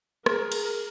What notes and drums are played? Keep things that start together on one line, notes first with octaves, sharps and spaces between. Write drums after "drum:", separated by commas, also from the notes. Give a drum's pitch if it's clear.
G#4 A#4, drum: rim click
drum: cymbal